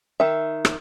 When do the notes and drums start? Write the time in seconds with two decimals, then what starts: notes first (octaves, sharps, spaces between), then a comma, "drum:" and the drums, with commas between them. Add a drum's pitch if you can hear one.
0.20 D#3 E5
0.65 drum: rim click